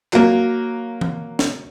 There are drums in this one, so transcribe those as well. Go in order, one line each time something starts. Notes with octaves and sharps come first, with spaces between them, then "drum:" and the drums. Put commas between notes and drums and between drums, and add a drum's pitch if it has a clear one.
F#3 A#3, drum: clap
drum: tom E3
drum: snare